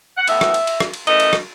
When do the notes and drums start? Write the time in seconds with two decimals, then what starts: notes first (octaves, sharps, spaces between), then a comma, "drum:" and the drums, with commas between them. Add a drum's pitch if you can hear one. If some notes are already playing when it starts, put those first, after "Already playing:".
0.17 F#5
0.27 A2 E3 B3 E5, drum: cymbal
0.41 drum: rim click
0.54 drum: cymbal
0.67 drum: cymbal
0.80 drum: rim click
0.94 drum: cymbal
1.07 F#2 E3 A3 D#5, drum: cymbal
1.20 drum: cymbal
1.33 drum: rim click